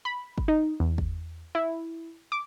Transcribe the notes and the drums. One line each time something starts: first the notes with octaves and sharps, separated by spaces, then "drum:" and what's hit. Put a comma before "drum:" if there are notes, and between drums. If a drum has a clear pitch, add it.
B5
drum: kick
D#4
E2
drum: kick
E4
D6